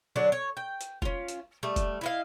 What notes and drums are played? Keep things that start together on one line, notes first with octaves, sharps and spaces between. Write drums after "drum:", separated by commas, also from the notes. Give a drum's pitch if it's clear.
D3 F#3 D4 D5
C#5
G5
drum: hi-hat
C#4 F4, drum: kick
drum: hi-hat
G3 A3
drum: kick, hi-hat
E4 D#5 F5